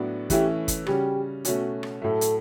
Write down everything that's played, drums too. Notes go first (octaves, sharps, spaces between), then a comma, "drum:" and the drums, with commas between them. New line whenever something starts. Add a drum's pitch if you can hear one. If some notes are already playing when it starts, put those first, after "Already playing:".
Already playing: A2 F#3 B3 D4 F#4
E3 A3 C#4 E4 G4, drum: kick, hi-hat
drum: kick, hi-hat
C#3 G3 C#4 F#4 G4, drum: rim click
B2 A3 C#4 F#4, drum: hi-hat
drum: rim click
A2 F#3 A3 A4
drum: hi-hat